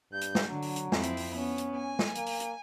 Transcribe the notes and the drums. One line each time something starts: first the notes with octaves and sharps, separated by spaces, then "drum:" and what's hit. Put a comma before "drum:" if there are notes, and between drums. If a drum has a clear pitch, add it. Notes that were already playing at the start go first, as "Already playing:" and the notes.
G2 G6
drum: hi-hat
drum: snare
D3 F#3
drum: open hi-hat
drum: hi-hat
F2 C4 E4, drum: snare
drum: hi-hat
drum: open hi-hat
B3 C#4
drum: hi-hat
G#5
drum: snare
A#3, drum: hi-hat
drum: open hi-hat
drum: hi-hat